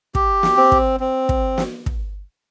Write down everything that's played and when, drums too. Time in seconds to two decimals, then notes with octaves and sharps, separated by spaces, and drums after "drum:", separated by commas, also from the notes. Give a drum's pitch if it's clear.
0.15 G4, drum: kick
0.43 drum: snare
0.57 C4
0.72 drum: kick
1.00 C4
1.29 drum: kick
1.58 drum: snare
1.86 drum: kick